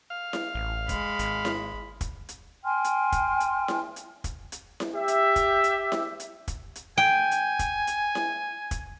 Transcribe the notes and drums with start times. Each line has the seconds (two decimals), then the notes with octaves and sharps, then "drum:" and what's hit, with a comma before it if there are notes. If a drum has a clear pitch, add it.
0.10 F5
0.33 drum: snare E4
0.55 A1
0.89 G#3 B5, drum: kick, hi-hat
1.19 G#1, drum: hi-hat
1.45 drum: snare E4
2.01 drum: kick, hi-hat
2.29 drum: hi-hat
2.64 G5 G#5 C6 F6
2.84 drum: hi-hat
3.12 drum: kick, hi-hat
3.40 drum: hi-hat
3.68 drum: snare E4
3.96 drum: hi-hat
4.24 drum: kick, hi-hat
4.52 drum: hi-hat
4.80 drum: snare E4
4.94 G4 E5
5.08 drum: hi-hat
5.36 drum: kick, hi-hat
5.64 drum: hi-hat
5.92 drum: snare E4
6.20 drum: hi-hat
6.48 drum: kick, hi-hat
6.76 drum: hi-hat
6.98 G5 G#5
7.31 drum: hi-hat
7.59 drum: kick, hi-hat
7.87 drum: hi-hat
8.15 drum: snare E4
8.71 drum: kick, hi-hat